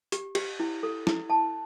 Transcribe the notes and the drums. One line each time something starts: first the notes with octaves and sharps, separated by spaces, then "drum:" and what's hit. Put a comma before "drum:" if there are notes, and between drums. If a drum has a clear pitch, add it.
G4, drum: hi-hat
G4, drum: cymbal
E4
A4
E4, drum: snare
A5